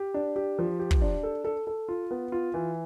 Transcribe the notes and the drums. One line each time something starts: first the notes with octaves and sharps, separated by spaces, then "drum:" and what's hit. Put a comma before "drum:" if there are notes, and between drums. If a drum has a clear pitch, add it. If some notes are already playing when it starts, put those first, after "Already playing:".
Already playing: G4
D4
G4
F3
G4
drum: kick
D4
A4
A4
A4
F4
B3
F4
E3